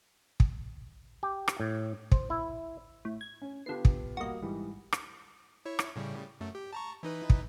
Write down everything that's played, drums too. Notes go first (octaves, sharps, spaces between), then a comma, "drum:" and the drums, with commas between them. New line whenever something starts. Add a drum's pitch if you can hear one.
drum: kick
G4
drum: rim click
A2
C5, drum: kick
E4
A2
G#6
C#4
D3 B3 F4 G4 C7
drum: kick
G3 A#3 F#4 D#5
G#2 E3 G3
drum: rim click
E4 C#5
drum: rim click
A2 C#3 G3
F#2 A3
G4
A5 A#5 C#6
E3 D#4 B4
drum: kick